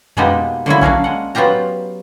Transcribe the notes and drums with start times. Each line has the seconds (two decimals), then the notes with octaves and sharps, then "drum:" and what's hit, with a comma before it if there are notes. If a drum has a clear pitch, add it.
0.17 B2 G#3 A#3 B3 D#4 G4, drum: tom F2
0.66 D3 F#3 A#3 E4
0.81 C#4 D4 A#4 F5, drum: kick A#1
1.04 G#3 F#5
1.35 F#3 B3 F4 G4 A#5